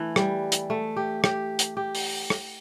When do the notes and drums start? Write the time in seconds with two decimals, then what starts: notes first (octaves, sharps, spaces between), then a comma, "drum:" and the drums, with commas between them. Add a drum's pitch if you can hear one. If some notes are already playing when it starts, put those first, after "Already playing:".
Already playing: E3 A3
0.16 G3, drum: rim click
0.52 drum: hi-hat
0.70 A3
0.96 G4
1.24 G4, drum: rim click
1.59 drum: hi-hat
1.77 G4
1.95 drum: open hi-hat
2.30 drum: rim click